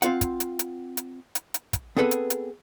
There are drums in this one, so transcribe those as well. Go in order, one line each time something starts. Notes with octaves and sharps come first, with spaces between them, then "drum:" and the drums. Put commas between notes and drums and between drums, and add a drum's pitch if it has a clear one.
C4 F4 F5 F#5, drum: hi-hat
drum: kick, hi-hat
drum: hi-hat
drum: hi-hat
drum: hi-hat
drum: hi-hat
drum: hi-hat
drum: kick, hi-hat
B3 C4 G#4 A4 B4
drum: hi-hat
drum: hi-hat